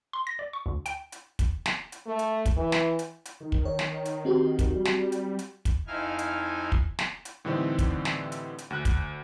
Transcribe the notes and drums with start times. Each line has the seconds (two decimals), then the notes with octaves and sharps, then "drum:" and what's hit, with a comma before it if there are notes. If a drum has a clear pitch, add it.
0.13 C6
0.27 A#6
0.39 D5
0.53 C#6
0.66 D2
0.86 G5, drum: hi-hat
1.12 drum: hi-hat
1.39 drum: kick, hi-hat
1.66 drum: snare
1.92 drum: hi-hat
2.07 A3
2.19 drum: hi-hat
2.46 drum: kick, hi-hat
2.57 E3
2.72 drum: snare
2.99 drum: hi-hat
3.25 drum: hi-hat
3.40 D#3
3.52 drum: kick
3.65 C#5
3.79 drum: snare
4.05 drum: hi-hat
4.25 C4 F#4 G4
4.59 drum: kick, hi-hat
4.75 G3
4.85 drum: snare
5.12 drum: hi-hat
5.39 drum: hi-hat
5.65 drum: kick, hi-hat
5.87 F2 D#4 E4 F5 G#5 F6
6.19 drum: hi-hat
6.72 drum: kick
6.99 drum: snare
7.25 drum: hi-hat
7.45 A2 D3 E3 G3 C4 D#4
7.79 drum: kick, hi-hat
8.05 drum: snare
8.32 drum: hi-hat
8.58 drum: hi-hat
8.70 D2 F#6
8.85 drum: kick, hi-hat